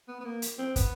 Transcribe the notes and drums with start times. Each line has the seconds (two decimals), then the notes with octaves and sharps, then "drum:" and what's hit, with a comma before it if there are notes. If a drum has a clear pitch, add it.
0.08 B3
0.20 B3
0.25 A#3
0.42 drum: hi-hat
0.59 C4
0.76 B3, drum: kick, hi-hat